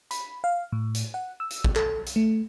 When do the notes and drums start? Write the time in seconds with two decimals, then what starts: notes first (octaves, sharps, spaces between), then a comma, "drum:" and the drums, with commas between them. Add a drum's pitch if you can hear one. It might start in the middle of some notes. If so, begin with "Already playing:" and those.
0.11 B5, drum: hi-hat
0.44 F5
0.72 A2
0.95 drum: hi-hat
1.14 F#5
1.40 E6
1.50 drum: hi-hat
1.64 drum: kick G#1
1.76 A4, drum: clap
2.06 drum: hi-hat
2.16 A3